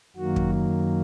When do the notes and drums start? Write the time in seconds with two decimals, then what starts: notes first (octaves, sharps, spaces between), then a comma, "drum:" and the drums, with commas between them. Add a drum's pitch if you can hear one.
0.16 F#2 D#3 F#3 A#3 F#4
0.36 drum: kick